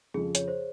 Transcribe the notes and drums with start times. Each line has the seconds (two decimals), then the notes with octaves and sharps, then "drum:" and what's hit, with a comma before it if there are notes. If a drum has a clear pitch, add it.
0.14 F2 C#3 F3 G#4
0.35 C#5, drum: hi-hat
0.48 C5